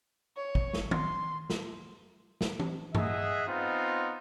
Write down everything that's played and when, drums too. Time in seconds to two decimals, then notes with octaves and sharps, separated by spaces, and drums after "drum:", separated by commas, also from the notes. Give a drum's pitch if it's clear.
0.37 C#5
0.55 drum: kick
0.73 drum: snare
0.91 C6, drum: tom
1.50 drum: snare
2.41 drum: snare
2.60 drum: tom E3
2.95 G#4 D#5 E5 F#5, drum: tom G2
3.47 B3 C4 D#4 F4